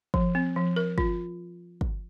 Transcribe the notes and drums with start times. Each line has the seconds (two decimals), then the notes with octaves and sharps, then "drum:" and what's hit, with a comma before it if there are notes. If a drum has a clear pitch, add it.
0.14 F3, drum: kick
0.35 C4
0.56 F3
0.76 A#4
0.98 F4, drum: kick
1.81 drum: kick